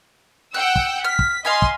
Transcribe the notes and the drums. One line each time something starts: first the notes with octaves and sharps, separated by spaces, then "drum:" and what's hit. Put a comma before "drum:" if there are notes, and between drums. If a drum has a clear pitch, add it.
F#5 G5 E6 F#6
drum: kick
F6 B6
drum: kick
D#5 F5 G#5 B5 C6
drum: kick